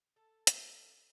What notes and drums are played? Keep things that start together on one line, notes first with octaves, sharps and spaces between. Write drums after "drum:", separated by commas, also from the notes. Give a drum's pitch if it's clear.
A4
drum: hi-hat